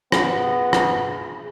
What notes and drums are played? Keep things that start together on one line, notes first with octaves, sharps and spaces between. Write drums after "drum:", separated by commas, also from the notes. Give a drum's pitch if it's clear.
B3 G#4, drum: rim click
drum: rim click